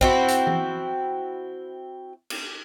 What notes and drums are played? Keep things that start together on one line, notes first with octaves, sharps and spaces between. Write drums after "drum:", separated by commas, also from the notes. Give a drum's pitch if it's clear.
C4 E4 F#4, drum: kick
drum: hi-hat
drum: tom E3
drum: cymbal